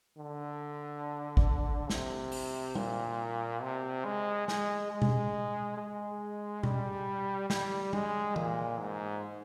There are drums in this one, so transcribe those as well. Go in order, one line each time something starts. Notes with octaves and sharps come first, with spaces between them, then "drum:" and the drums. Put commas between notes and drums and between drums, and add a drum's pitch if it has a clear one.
D3
drum: kick G#1
C3, drum: snare
drum: open hi-hat
A#2, drum: tom G3
C3
G#3
G#3, drum: snare
G#3
drum: tom B2
G#3
G3, drum: tom B2
G3, drum: snare
G#3, drum: tom G3
A#2, drum: tom E3
G#2